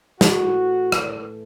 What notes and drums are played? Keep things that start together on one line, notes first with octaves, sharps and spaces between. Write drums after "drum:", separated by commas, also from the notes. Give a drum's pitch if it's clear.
A2 E3 A3 F#4, drum: snare
drum: rim click